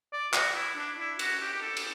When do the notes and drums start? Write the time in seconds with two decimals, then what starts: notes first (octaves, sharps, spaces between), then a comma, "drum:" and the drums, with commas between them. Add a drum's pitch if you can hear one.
0.13 D5
0.34 F#4, drum: clap
0.55 E4
0.76 D4
0.98 E4
1.19 F#4, drum: cymbal
1.41 G4
1.53 G4
1.62 A4
1.77 drum: cymbal